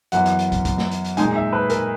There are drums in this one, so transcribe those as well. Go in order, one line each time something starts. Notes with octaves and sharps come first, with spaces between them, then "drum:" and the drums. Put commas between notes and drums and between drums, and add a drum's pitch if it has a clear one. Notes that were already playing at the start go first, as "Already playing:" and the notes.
F#2 E3 B3 F#5, drum: hi-hat
drum: hi-hat
drum: hi-hat
drum: kick, hi-hat
drum: kick, hi-hat
drum: snare
drum: hi-hat
drum: hi-hat
A#2 G#3 D#4 G#5, drum: hi-hat
E5
B4
A#4, drum: hi-hat